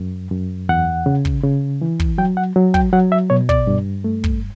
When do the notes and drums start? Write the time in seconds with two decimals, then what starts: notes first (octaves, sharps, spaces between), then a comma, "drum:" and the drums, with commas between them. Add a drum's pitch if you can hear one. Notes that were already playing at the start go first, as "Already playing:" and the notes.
Already playing: F#2
0.31 F#2
0.69 E2 F#5
1.06 C#3
1.25 drum: kick
1.44 C#3
1.81 E3
2.00 drum: kick
2.18 F#3 G5
2.37 F#5
2.56 F#3
2.74 G5, drum: kick
2.93 F#3 F#5
3.12 E5
3.30 B2 C#5
3.49 D5, drum: kick
3.67 G2
4.04 A3
4.24 drum: kick